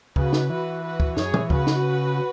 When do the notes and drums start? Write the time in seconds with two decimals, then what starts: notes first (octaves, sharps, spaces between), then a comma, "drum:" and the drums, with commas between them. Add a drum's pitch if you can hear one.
0.16 C#3 F#4 B4, drum: kick
0.33 drum: snare
0.50 E3 F#4 B4
0.83 F#4 B4
1.00 drum: kick
1.17 F#2 G#4 C#5, drum: snare
1.34 E3, drum: tom
1.50 C#3 F#4 B4, drum: kick
1.67 drum: snare